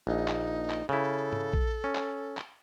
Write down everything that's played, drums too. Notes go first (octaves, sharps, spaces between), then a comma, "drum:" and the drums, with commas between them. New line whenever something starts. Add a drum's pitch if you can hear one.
A#1 D#4
drum: clap
drum: clap
C#3 E4 A4
drum: tom G#2
drum: kick
C#4
drum: clap
drum: clap